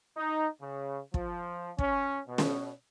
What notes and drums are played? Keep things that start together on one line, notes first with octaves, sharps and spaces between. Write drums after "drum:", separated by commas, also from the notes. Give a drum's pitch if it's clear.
D#4
C#3
F3, drum: kick
C#4, drum: kick
B2
drum: snare